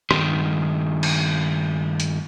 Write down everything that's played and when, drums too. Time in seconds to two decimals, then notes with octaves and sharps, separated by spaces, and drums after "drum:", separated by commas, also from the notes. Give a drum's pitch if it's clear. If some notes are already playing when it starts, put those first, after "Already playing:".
0.11 G2 D#3, drum: rim click
1.03 drum: cymbal
2.00 drum: hi-hat